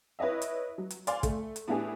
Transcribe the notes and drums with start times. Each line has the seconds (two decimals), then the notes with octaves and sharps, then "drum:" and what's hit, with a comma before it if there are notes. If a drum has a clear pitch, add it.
0.19 E4 B4 C#5 D#5 E5
0.42 drum: hi-hat
0.78 F#3
0.90 drum: hi-hat
1.07 D5 F5 G#5 C6, drum: hi-hat
1.23 A3, drum: kick, hi-hat
1.56 drum: hi-hat
1.68 A2 B3 D4 E4 G4 G#4